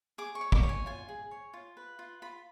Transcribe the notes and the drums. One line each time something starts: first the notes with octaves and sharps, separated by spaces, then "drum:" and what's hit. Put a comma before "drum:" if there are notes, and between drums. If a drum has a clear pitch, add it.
G#4 D6
C#6
C#5
D6, drum: kick
C#5
G#5
F4 G#5
G#4
C#5
F4
B4
F4
F4 B5